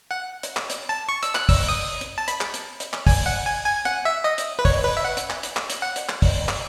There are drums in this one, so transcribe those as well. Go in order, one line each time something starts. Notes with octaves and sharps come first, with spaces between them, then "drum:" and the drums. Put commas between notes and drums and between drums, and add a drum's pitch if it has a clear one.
F#5
drum: hi-hat
drum: clap
drum: hi-hat
A5
C#6
E6, drum: hi-hat
F#6, drum: clap
E6, drum: kick, open hi-hat
D#6
drum: hi-hat
A5
B5, drum: hi-hat
drum: clap
drum: hi-hat
drum: hi-hat
drum: clap
G#5, drum: kick, open hi-hat
F#5
G#5
G#5
F#5, drum: hi-hat
E5
D#5
drum: hi-hat
B4
C#5, drum: kick, open hi-hat
B4
E5
F#5
drum: hi-hat
drum: clap
drum: hi-hat
drum: clap
drum: hi-hat
F#5
drum: hi-hat
drum: clap
drum: kick, open hi-hat
drum: clap